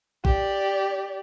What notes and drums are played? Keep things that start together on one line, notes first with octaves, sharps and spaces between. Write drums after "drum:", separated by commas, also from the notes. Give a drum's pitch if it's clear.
G4 D5, drum: kick A1